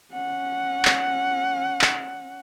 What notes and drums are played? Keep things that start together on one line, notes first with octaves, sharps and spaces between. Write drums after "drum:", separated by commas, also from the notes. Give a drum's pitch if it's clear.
C#4 F#5
drum: clap
drum: clap